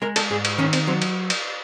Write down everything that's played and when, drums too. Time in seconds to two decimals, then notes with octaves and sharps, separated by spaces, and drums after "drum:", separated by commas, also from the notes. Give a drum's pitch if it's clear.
0.02 G#3 A#4
0.16 A4, drum: cymbal
0.30 G#2 G#4
0.45 drum: cymbal
0.58 D#3 C#4
0.73 C4, drum: cymbal
0.87 F#3 C4
1.02 drum: cymbal
1.30 drum: cymbal